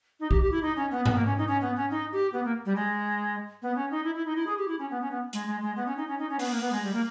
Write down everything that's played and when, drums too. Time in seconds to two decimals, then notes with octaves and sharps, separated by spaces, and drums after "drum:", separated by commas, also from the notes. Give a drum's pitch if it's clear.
0.20 D#4
0.31 G4, drum: kick
0.41 G4
0.52 E4
0.62 D#4
0.76 C#4
0.91 B3
1.06 B3, drum: tom G#2
1.15 A#3
1.26 C#4
1.38 D#4
1.47 C#4
1.61 B3
1.76 C#4
1.90 D#4
2.12 G4
2.33 B3
2.44 A#3
2.66 G3
2.76 G#3
3.62 B3
3.76 C#4
3.91 D#4
4.04 E4
4.15 E4
4.26 D#4
4.36 E4
4.47 G#4
4.58 G4
4.68 E4
4.79 C#4
4.91 B3
5.01 C#4
5.11 B3
5.33 G#3, drum: hi-hat
5.47 G#3
5.62 G#3
5.76 B3
5.86 C#4
5.97 D#4
6.08 C#4
6.19 D#4
6.29 C#4
6.39 B3, drum: open hi-hat
6.51 A#3
6.61 B3
6.72 G#3
6.83 G3
6.93 A#3